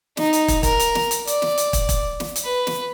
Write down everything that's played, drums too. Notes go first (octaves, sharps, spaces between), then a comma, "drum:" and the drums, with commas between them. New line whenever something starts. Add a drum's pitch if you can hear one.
D#4, drum: snare
drum: hi-hat
drum: kick, hi-hat
A#4, drum: kick, hi-hat
drum: hi-hat
drum: snare
drum: hi-hat
D5, drum: hi-hat
drum: snare
drum: hi-hat
drum: kick, hi-hat
drum: kick, hi-hat
drum: snare
drum: hi-hat
B4
drum: snare